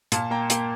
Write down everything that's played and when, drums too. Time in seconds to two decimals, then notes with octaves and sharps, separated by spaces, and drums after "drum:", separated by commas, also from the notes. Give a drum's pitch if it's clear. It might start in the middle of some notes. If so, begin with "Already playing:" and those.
0.12 A#2 F5 A5, drum: hi-hat
0.31 A#3 G5 A#5
0.50 A#3 G5, drum: hi-hat